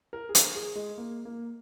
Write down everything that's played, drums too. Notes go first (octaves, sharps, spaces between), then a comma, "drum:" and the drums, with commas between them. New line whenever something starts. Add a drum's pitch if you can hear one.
A#4
G#4
A#4, drum: hi-hat
G#4
G#3
A#3
A#3